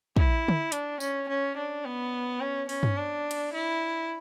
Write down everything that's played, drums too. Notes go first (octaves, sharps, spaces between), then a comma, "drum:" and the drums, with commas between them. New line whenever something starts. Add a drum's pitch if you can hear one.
E4, drum: kick
drum: tom
D4, drum: hi-hat
C#4, drum: tambourine
C#4
D4
B3
C#4
C#4, drum: open hi-hat
drum: tom G2
D4
drum: cymbal
E4